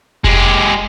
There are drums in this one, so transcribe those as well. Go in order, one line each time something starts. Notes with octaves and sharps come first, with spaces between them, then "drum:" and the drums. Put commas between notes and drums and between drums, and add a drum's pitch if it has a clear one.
G#3 G4, drum: kick F1